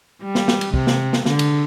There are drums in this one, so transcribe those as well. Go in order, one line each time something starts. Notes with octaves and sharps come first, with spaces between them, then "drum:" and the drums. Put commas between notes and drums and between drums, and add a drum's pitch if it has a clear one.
G3
drum: snare
drum: snare
drum: cymbal
C3, drum: kick
drum: snare
drum: snare
D3, drum: snare
drum: cymbal